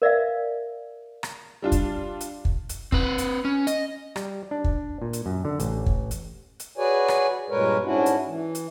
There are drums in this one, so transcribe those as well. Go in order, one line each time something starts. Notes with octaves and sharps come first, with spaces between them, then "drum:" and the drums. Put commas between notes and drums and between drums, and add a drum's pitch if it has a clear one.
A#4 D5 E5 F5
drum: rim click
G3 D4 F4
drum: kick, hi-hat
drum: hi-hat
drum: kick
drum: hi-hat
C4 B4, drum: kick
drum: hi-hat
C#4
D#5, drum: hi-hat
G3, drum: rim click
D4
drum: kick
A#2
drum: hi-hat
F#2
D3
A1, drum: hi-hat
drum: kick
drum: hi-hat
drum: hi-hat
F#4 G#4 B4 C#5 D5 G#5
drum: rim click
G2 A#2 G#3 A#4 B4 C#5
G#2 C#4 D4 E4 F#4
drum: hi-hat
E3
drum: hi-hat